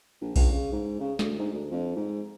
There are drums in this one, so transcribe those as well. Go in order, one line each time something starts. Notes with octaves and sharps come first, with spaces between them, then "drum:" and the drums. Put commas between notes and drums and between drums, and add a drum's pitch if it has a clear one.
A#1
C#2, drum: kick B1, open hi-hat
C#3
G#2
C#3
D2, drum: snare
G#2
D2
F2
G#2